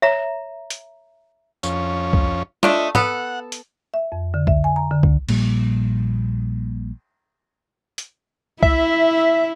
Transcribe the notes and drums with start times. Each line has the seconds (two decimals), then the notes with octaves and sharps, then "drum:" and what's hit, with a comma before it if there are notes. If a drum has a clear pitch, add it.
0.02 C#5 E5 A#5
0.70 drum: hi-hat
1.63 F2 C#4, drum: tambourine
2.13 drum: kick
2.63 A3 D4 F4 D#5, drum: snare
2.95 B3 A4 F#5, drum: tom
3.52 drum: hi-hat
3.94 E5
4.12 F2
4.34 D3
4.47 E5, drum: kick
4.64 G#5
4.76 A#5
4.91 D3
5.03 D2, drum: kick
5.29 A#1 A#2 G3, drum: cymbal
7.98 drum: hi-hat
8.63 E4 E5, drum: kick